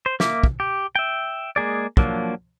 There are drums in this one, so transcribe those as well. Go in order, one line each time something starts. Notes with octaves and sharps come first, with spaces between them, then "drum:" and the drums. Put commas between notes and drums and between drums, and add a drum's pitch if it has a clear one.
C5
A#3 E5 D6, drum: snare
drum: kick
G4
E5 G5
G#3 A#3 G#4 D5
F3 F#3 A#3 D4, drum: kick